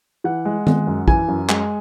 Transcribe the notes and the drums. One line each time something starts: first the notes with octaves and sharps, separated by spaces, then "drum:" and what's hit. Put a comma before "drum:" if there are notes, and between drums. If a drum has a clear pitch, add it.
E3 F#5
G#3
G#3, drum: tom
F#2
E3 G#5, drum: kick
F#2
G#3, drum: clap